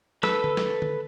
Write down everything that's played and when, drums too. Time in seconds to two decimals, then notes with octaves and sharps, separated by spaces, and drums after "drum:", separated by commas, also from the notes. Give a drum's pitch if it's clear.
0.23 A4 B4 E6, drum: snare
0.44 drum: tom D3
0.57 drum: snare
0.82 drum: tom D3